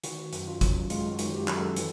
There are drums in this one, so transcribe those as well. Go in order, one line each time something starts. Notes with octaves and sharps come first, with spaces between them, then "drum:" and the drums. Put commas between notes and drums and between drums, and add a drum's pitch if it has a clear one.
D#3 F#4, drum: hi-hat
F#2, drum: hi-hat
F4
F#2, drum: kick, hi-hat
G#3 F4, drum: hi-hat
F#4
D#3, drum: hi-hat
G4
F#2, drum: clap
A4
E3, drum: hi-hat